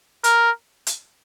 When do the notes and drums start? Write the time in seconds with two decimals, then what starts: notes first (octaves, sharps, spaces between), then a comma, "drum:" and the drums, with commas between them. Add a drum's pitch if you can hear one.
0.24 A#4, drum: hi-hat
0.87 drum: hi-hat